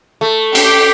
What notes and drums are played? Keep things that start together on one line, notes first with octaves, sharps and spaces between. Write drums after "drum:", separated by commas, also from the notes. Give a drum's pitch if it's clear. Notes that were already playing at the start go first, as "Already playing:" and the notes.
A3
G4, drum: cymbal